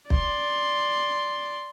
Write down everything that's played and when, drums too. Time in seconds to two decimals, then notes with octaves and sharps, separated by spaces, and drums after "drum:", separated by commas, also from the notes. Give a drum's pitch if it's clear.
0.10 D5 C6, drum: kick